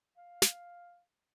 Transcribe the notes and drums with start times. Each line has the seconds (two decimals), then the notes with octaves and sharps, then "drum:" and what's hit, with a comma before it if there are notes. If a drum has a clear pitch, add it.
0.17 F5
0.42 drum: snare